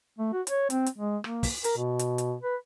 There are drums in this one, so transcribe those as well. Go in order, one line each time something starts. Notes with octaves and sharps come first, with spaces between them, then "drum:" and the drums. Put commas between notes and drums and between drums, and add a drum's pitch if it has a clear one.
A3
F#4
C#5, drum: hi-hat
C4, drum: hi-hat
drum: hi-hat
G#3
A#3, drum: rim click
drum: kick, open hi-hat
A#4, drum: hi-hat
B2
drum: hi-hat
drum: hi-hat
B4